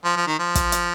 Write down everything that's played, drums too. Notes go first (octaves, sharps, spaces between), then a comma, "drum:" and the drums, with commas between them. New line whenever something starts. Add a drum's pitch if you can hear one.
F3
F3
D#3
F3
drum: kick, hi-hat
drum: hi-hat